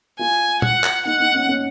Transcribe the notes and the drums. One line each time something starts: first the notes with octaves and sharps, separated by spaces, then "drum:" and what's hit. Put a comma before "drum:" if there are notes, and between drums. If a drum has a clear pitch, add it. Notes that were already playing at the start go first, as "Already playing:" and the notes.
F4 G#5
F#5, drum: tom
drum: clap
D#4 F#5
D#4
C#4
C#4